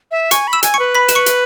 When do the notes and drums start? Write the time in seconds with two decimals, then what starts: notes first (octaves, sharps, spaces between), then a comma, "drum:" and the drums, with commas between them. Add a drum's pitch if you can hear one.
0.11 E5
0.31 G#5 C#6 C#7, drum: hi-hat
0.47 B5
0.53 E6 E7
0.63 G#5, drum: hi-hat
0.74 C#6 C#7
0.79 B4
0.95 B5 B6
1.08 E7, drum: hi-hat
1.15 C#6 C#7
1.26 drum: hi-hat